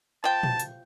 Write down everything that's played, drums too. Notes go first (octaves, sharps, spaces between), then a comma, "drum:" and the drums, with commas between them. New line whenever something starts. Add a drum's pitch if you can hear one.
F3 G5 A5
drum: tom A#2
drum: hi-hat